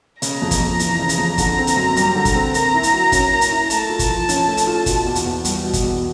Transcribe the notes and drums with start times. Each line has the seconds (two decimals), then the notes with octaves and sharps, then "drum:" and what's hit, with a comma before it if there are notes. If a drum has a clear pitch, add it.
0.22 C#3 A#5, drum: hi-hat
0.42 F2
0.51 drum: kick, hi-hat
0.60 F2
0.80 E3, drum: hi-hat
0.99 C#3
1.09 drum: hi-hat
1.18 F2
1.38 D3 A#5, drum: kick, hi-hat
1.57 C4
1.67 drum: hi-hat
1.77 F#2
1.96 G3, drum: hi-hat
2.15 D3
2.25 drum: kick, hi-hat
2.35 C4
2.54 A#3 A#5, drum: hi-hat
2.74 E4
2.83 drum: hi-hat
2.93 F#3
3.12 C#4, drum: kick, hi-hat
3.32 A#3
3.41 drum: hi-hat
3.51 E4
3.70 A3 A5, drum: hi-hat
3.90 F4
3.99 drum: kick, hi-hat
4.09 F3
4.29 C#4, drum: hi-hat
4.47 A3
4.57 drum: hi-hat
4.67 F4
4.86 B2, drum: kick, hi-hat
5.06 E2
5.15 drum: hi-hat
5.26 E2
5.45 G3, drum: hi-hat
5.64 B2
5.73 drum: kick, hi-hat
5.83 E2